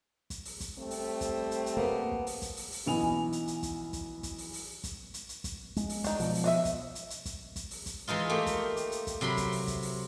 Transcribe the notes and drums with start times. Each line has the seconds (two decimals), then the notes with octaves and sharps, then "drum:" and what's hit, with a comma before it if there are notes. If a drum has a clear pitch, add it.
0.30 drum: kick, hi-hat
0.45 drum: open hi-hat
0.60 drum: kick, hi-hat
0.77 G3 A3 C4
0.91 drum: open hi-hat
1.21 drum: kick, hi-hat
1.51 drum: hi-hat
1.66 drum: hi-hat
1.77 A#3 B3
2.12 drum: kick
2.27 drum: open hi-hat
2.42 drum: kick, hi-hat
2.57 drum: open hi-hat
2.72 drum: open hi-hat
2.86 B1 E3 B3 D#4 G#5 F7
3.02 drum: kick
3.32 drum: hi-hat
3.48 drum: hi-hat
3.63 drum: kick, hi-hat
3.93 drum: kick, hi-hat
4.23 drum: kick, hi-hat
4.38 drum: open hi-hat
4.53 drum: open hi-hat
4.84 drum: kick, hi-hat
5.14 drum: hi-hat
5.29 drum: hi-hat
5.44 drum: kick, hi-hat
5.76 G#3, drum: kick, hi-hat
5.89 drum: open hi-hat
6.04 D4 D#4, drum: kick, hi-hat
6.20 B2 F3, drum: open hi-hat
6.35 drum: open hi-hat
6.44 D4 D#5 E5
6.65 drum: kick, hi-hat
6.95 drum: hi-hat
7.10 drum: hi-hat
7.25 drum: kick, hi-hat
7.56 drum: kick, hi-hat
7.71 drum: open hi-hat
7.86 drum: kick, hi-hat
8.08 E3 G#3 D#4 F4
8.29 A3 A#3 G4
8.46 drum: kick, hi-hat
8.77 drum: hi-hat
8.92 drum: hi-hat
9.07 drum: kick, hi-hat
9.21 C3 F#3 B5 C6
9.37 drum: kick, hi-hat
9.52 drum: open hi-hat
9.67 drum: kick, hi-hat
9.82 drum: open hi-hat